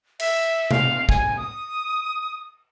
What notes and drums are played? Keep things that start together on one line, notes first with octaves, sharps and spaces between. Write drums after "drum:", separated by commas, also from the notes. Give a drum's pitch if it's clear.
E5, drum: cymbal
F5, drum: tom C3
G#5, drum: kick
D#6